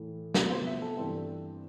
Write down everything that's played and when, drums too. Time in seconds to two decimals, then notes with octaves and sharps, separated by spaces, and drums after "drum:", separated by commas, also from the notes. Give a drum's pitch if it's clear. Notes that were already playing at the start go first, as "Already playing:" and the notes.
Already playing: A2 E3 A3
0.34 C3 F3 B3 B4, drum: snare
0.51 C5
0.67 E5
0.82 A4
0.97 G2 E3 A3 C4